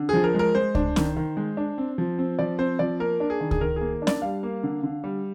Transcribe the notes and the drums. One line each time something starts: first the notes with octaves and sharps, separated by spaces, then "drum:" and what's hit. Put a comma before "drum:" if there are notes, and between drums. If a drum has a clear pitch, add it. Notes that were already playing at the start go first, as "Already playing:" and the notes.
Already playing: D3
F3 G#4
A#4
G#3 A#4
G#3 C5
D4, drum: kick C#2
D#3, drum: snare C#4
D#3
G#3
D4
C4
F3
C4
F3 D5
C4 C5
F3 D5
A#3 A#4
D4
G#4
D#3
G#4, drum: kick C#2
D#3 A#4
A#3 G#4
D4
D5, drum: snare C#4
G3 F5
A#3
D3
D3
G3